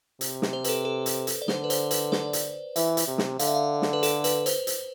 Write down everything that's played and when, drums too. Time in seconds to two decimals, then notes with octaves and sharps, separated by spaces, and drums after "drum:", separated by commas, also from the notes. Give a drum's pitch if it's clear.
0.21 C3, drum: hi-hat
0.42 drum: snare
0.53 C5
0.64 B4, drum: hi-hat
0.69 A4
0.85 A4
1.06 drum: hi-hat
1.27 drum: hi-hat
1.42 D5
1.48 D3 C5, drum: snare
1.64 B4
1.70 C5, drum: hi-hat
1.91 B4, drum: hi-hat
2.12 D5, drum: snare
2.33 drum: hi-hat
2.76 E3 E5, drum: hi-hat
2.97 drum: hi-hat
3.07 C3
3.18 drum: snare
3.39 D3 F5, drum: hi-hat
3.47 E5
3.55 F5
3.82 drum: snare
3.93 B4
4.03 A4, drum: hi-hat
4.24 B4, drum: hi-hat
4.46 C5, drum: hi-hat
4.67 drum: hi-hat